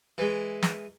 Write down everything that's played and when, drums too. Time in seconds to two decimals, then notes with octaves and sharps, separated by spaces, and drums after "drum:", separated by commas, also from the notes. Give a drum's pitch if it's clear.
0.18 E3 G#3
0.63 drum: snare